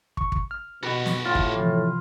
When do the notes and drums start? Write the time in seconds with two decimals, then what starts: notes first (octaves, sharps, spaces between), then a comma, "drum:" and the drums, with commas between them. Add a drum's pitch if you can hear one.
0.17 C#6, drum: kick
0.32 drum: kick
0.51 F6
0.83 B2 F#4 G4 B4
1.06 drum: snare
1.25 A2 F4
1.35 drum: kick
1.55 C3 E3 F3